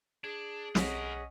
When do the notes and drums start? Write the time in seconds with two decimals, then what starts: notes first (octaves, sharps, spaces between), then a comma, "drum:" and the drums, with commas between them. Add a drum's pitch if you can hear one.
0.24 D4 G#4 G#6
0.75 B1 G#3 C#4 A#4 C#5 D#5 F#5 B6, drum: snare